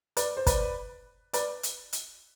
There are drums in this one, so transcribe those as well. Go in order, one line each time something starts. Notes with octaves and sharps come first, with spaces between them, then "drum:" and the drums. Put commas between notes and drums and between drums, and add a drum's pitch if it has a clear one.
B4 D5, drum: hi-hat
C5
B4 D5, drum: kick, hi-hat
B4 D5, drum: hi-hat
drum: hi-hat
drum: hi-hat